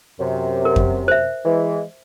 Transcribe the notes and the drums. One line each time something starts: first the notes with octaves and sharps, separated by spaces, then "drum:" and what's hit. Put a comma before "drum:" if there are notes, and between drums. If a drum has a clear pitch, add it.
F#2 C3
A#4
drum: kick F2
C5 E5
E3 G#3